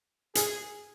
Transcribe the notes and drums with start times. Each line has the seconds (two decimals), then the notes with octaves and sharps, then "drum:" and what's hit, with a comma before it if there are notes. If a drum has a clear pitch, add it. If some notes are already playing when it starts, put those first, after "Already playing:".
0.35 G#4, drum: hi-hat